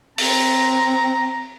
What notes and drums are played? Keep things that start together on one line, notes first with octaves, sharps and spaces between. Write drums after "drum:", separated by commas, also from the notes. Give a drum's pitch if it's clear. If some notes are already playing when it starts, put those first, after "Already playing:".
C4 A#5, drum: open hi-hat